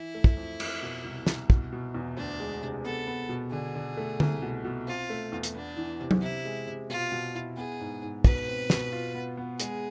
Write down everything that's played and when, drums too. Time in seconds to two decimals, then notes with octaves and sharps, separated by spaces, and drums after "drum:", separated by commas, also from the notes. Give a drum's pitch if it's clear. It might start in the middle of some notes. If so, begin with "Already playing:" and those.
Already playing: E3 E4
0.15 A3
0.24 drum: kick
0.37 F2
0.60 F2, drum: cymbal
0.82 B2
1.05 C2
1.27 C2, drum: snare
1.50 B2, drum: kick
1.72 B2
1.94 E2
2.17 D2 D4
2.40 G#3
2.62 C3
2.85 B3 A4
3.07 B3
3.29 B2
3.52 D3 G#4
3.75 D3
3.97 A3
4.20 C2, drum: tom D3
4.42 B2
4.65 B2
4.87 C4 F4
5.10 A3
5.32 E2
5.43 drum: hi-hat
5.55 B3 D4
5.77 E3
6.00 C3
6.11 drum: tom F#3
6.22 C3 E4
6.45 G#3
6.67 C3
6.90 B2 F4
7.12 B2
7.35 E4
7.57 B3 G#4
7.80 G#2
8.02 G#2
8.25 B2 B4, drum: kick
8.47 C4
8.70 B2, drum: snare
8.92 F4
9.15 B3
9.37 B3
9.60 G#3 G#4, drum: hi-hat